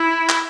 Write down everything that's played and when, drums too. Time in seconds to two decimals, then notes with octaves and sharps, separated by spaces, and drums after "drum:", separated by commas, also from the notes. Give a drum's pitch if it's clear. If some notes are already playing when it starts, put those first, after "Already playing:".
Already playing: E4
0.29 drum: clap